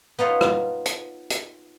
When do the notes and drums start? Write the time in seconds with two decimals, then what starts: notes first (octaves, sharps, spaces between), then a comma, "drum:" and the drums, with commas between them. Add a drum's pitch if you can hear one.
0.19 B3 D#4 F4 C#5
0.41 drum: rim click
0.86 drum: hi-hat
1.30 drum: hi-hat